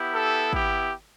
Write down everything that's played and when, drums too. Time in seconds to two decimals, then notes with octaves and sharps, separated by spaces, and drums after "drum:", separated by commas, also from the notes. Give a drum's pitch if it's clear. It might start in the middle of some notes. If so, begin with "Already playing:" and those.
Already playing: B3 E4 G4
0.13 A4
0.53 G4, drum: kick